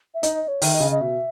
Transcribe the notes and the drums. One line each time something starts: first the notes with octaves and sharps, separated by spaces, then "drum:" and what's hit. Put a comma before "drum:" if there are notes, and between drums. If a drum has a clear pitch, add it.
E5
D#4 D#5, drum: hi-hat
C#5
D#3 E5, drum: open hi-hat
D#5
C#3
D#5
B2 E5